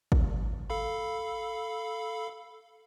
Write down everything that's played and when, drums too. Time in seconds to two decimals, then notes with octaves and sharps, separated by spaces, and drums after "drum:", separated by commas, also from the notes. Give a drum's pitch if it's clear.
0.12 drum: kick
0.70 A4 F5 B5